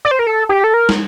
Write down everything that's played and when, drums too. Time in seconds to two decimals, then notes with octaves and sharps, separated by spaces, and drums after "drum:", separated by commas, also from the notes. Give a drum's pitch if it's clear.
0.05 D5
0.11 C5
0.19 A#4
0.27 A4
0.49 G4
0.64 A4
0.74 A#4
0.89 drum: snare